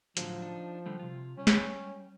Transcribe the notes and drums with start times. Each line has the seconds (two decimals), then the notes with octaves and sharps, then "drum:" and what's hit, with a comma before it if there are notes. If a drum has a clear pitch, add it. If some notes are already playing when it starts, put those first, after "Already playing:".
0.17 A2 D3 F3 F#3, drum: hi-hat
0.42 D4 D#4
0.86 D3 G3 A3
0.99 C3 F4
1.37 G3 C#4
1.47 drum: snare